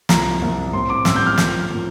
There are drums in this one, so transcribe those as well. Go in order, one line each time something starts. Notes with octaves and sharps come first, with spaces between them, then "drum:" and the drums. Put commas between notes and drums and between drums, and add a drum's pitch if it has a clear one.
C2 A#2 F3 A#3 A#5, drum: snare
C2 A#2 F3 A#3
A2 G3 C4 C6
D6
A2 G3 C4 E6, drum: snare
G6
F6
A2 F3 A#3, drum: snare
A2 F3 A#3